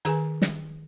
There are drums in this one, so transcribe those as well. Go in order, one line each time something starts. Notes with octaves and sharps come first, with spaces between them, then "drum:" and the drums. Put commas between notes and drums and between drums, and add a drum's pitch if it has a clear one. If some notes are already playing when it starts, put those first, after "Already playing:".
D#3 G#4 B4 G#5, drum: hi-hat
drum: snare